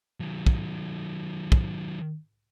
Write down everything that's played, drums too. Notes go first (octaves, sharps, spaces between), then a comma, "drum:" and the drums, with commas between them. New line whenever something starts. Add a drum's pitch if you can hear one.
D#3 F#3
drum: kick
drum: kick